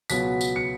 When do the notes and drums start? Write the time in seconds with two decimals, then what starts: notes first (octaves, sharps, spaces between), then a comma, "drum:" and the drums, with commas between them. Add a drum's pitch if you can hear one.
0.10 C#2 B2 F#3 B3 B6, drum: tambourine
0.41 drum: tambourine
0.56 C#7